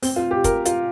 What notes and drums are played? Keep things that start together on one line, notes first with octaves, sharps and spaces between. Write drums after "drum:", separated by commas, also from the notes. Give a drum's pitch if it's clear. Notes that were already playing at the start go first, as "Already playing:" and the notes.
C4, drum: open hi-hat
F4
G4
A#4, drum: kick, hi-hat
F4, drum: hi-hat